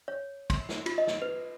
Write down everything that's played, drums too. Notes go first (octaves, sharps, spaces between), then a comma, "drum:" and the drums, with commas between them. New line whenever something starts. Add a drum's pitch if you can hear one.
C#5
C6, drum: kick, cymbal
drum: snare
F4, drum: cymbal
D#5
drum: snare
B4